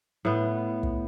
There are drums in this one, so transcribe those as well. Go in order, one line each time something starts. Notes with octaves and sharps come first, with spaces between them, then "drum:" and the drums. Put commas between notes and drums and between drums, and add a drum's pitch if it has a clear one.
A2 B3
drum: kick